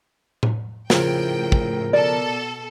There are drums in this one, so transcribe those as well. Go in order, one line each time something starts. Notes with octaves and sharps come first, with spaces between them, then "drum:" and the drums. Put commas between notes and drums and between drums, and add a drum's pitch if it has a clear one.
drum: tom A2
A2 C#3 F3 A#4 G5, drum: snare
drum: kick
B2 A4 D5